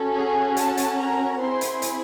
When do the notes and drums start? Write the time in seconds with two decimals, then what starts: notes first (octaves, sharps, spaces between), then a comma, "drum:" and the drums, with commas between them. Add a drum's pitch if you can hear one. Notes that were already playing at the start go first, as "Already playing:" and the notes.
Already playing: C#4 F#4 A4
0.15 G#4 G#5
0.57 A4 A5, drum: hi-hat
0.77 drum: hi-hat
0.99 A#4 A#5
1.40 C4 E4 G#4 C5 C6
1.61 drum: hi-hat
1.82 drum: hi-hat